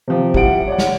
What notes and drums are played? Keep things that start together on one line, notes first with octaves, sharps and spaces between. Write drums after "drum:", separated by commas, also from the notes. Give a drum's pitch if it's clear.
C3 F3
G3 E4 F#5 D7, drum: kick
C#5 D5 F#5
drum: snare